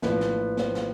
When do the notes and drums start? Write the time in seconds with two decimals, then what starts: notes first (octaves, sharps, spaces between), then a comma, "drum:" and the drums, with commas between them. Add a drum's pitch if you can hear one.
0.02 A#1 A2 F3 B4, drum: snare
0.21 drum: snare
0.57 C5, drum: snare
0.75 drum: snare